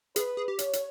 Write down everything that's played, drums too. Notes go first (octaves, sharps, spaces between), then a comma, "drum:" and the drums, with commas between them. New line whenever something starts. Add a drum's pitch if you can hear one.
G#4 B4, drum: hi-hat
G#4
G4
C#5, drum: hi-hat
drum: hi-hat